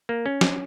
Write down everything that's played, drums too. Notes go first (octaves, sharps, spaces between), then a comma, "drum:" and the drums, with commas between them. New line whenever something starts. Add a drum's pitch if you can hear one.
A#3
C#4
drum: snare